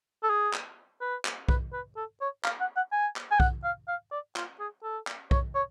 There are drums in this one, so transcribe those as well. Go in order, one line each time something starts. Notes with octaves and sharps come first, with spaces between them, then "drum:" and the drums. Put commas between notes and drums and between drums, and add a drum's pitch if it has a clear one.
A4
G#4
drum: clap
B4
drum: clap
B4, drum: kick B1
B4
A4
C#5
F5, drum: clap
F#5
F#5
G#5
drum: clap
G#5
F#5, drum: kick B1
F5
F5
D5
F4, drum: clap
G#4
A4
drum: clap
C#5, drum: kick B1
C#5